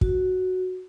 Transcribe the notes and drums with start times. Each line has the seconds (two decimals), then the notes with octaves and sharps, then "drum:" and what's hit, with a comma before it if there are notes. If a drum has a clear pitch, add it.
0.01 F#4, drum: kick